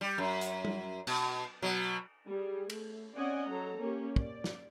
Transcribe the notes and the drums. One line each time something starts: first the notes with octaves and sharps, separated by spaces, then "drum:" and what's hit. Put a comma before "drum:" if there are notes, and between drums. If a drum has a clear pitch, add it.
G3
F#2
drum: hi-hat
drum: tom G3
B2, drum: cymbal
B2 F#3
G3 G#4
A3, drum: cymbal
C4 C#4 D5 D#5 F#5 G#5
F#3 A4 A#5
A#3 C#4 G4
D5, drum: kick
drum: snare